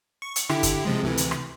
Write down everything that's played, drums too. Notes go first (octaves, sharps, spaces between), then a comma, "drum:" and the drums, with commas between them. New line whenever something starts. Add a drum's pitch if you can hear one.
C#6
drum: hi-hat
D3 E4 G4, drum: rim click
drum: kick, hi-hat
C3 F3 G#3
D2 C3 E3
drum: hi-hat
drum: rim click